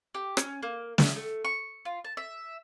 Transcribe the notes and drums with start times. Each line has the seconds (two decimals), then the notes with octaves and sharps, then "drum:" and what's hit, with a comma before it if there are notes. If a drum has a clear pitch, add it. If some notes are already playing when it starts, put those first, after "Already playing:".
0.15 G4
0.37 C#4, drum: rim click
0.63 A#3
0.98 E5, drum: snare
1.16 A3
1.45 C#6
1.85 F4
2.04 A5
2.17 E5